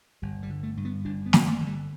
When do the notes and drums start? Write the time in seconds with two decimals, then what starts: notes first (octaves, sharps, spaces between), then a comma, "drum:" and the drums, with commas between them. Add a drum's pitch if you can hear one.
0.22 G1 G3
0.43 G3
0.50 D3
0.63 A3
0.77 G2
0.85 B3
1.05 G1 D4
1.26 B3
1.33 G1, drum: snare
1.47 A3
1.61 D3
1.67 G3